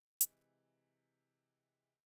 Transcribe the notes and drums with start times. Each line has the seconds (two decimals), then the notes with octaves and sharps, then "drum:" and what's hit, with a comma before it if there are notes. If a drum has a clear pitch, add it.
0.21 C3 E3 G#3, drum: hi-hat